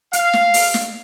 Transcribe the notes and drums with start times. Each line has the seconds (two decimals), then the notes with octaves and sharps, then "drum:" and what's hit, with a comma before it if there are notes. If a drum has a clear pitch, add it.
0.13 F5, drum: hi-hat
0.33 drum: snare
0.54 drum: open hi-hat
0.74 drum: snare